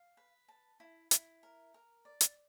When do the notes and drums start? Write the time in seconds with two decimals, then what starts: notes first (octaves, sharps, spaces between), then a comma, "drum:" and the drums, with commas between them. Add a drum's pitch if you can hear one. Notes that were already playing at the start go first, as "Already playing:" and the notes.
Already playing: F5
0.17 B4
0.48 A5
0.80 E4
1.11 E4, drum: hi-hat
1.43 A#4
1.74 A#4
2.05 D5
2.21 drum: hi-hat